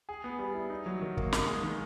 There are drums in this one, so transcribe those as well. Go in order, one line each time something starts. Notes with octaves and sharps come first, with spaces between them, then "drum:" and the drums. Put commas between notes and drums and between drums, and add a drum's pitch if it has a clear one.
G#4
B3
G3
E4
D#4
F#3
D#3
A#3, drum: kick
D#4, drum: snare
G#3
D#3